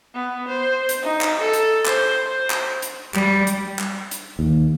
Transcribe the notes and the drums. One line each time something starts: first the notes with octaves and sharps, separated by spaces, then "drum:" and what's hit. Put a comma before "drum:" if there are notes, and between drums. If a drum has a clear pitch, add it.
B3
C5
drum: hi-hat
D#4
drum: clap
A4
drum: hi-hat
C5, drum: clap
C5
drum: clap
drum: hi-hat
G3, drum: clap
drum: hi-hat
drum: clap
drum: hi-hat
D#2